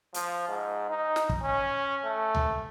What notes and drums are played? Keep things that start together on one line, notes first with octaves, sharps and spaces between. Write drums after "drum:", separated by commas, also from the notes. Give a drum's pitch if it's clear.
F3, drum: hi-hat
G#2
D#4
drum: snare
drum: kick
C#4
A3
drum: tom C#2